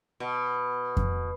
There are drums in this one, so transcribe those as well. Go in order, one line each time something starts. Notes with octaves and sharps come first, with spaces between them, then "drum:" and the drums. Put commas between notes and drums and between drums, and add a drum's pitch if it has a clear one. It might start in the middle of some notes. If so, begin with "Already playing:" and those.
B2
drum: kick F2